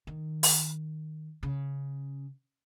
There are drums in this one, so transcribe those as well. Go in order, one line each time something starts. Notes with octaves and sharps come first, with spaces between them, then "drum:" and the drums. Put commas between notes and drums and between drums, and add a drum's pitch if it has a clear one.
D#3
drum: open hi-hat
C#3